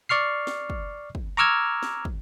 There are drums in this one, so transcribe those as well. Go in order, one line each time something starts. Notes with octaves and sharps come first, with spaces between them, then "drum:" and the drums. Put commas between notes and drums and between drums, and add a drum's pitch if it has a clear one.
D5 C#6 F6 C7
drum: snare
drum: kick
drum: kick
A#5 C#6 D6 E6 F6 G#6
drum: snare
drum: kick